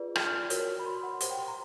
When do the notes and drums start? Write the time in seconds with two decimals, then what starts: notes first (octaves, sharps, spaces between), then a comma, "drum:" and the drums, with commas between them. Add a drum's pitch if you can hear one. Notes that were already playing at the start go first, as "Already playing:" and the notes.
Already playing: F4 G#4 B4 D5
0.16 F6, drum: rim click
0.27 F6
0.50 F#4 A#4 C#5, drum: hi-hat
0.79 B5
0.86 C6
1.03 F#5
1.20 G4 C5 F#5, drum: hi-hat
1.30 G5
1.38 C6
1.48 A#5